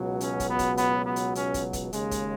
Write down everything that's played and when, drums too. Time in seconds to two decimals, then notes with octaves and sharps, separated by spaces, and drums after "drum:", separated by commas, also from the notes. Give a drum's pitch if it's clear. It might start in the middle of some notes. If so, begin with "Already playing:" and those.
Already playing: C#2 B2 F#3
0.20 C#4, drum: hi-hat
0.40 drum: kick, hi-hat
0.49 B3
0.59 drum: kick, hi-hat
0.77 B3, drum: hi-hat
1.06 B3
1.16 drum: hi-hat
1.35 C#4, drum: hi-hat
1.54 drum: kick, hi-hat
1.73 drum: kick, hi-hat
1.93 D#2 C#3 G#3, drum: hi-hat
2.11 drum: kick, hi-hat